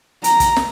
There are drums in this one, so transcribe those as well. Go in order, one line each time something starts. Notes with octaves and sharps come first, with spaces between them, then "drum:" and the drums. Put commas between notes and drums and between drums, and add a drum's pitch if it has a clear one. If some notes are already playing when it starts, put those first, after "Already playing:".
A#5, drum: hi-hat
drum: kick, hi-hat
drum: snare